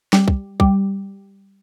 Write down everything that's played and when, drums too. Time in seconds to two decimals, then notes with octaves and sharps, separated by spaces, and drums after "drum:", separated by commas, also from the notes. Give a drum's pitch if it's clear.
0.13 G3, drum: snare
0.28 drum: kick
0.60 G3, drum: kick